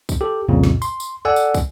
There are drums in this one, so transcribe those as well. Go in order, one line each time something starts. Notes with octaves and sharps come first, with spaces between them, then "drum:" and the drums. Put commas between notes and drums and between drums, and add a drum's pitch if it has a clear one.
drum: kick, tambourine
G4 A4
C2 F2 A#2 C#3
drum: snare
C6, drum: tambourine
drum: tambourine
A4 D5 F#5 G#5 E6
drum: tambourine
drum: kick, tambourine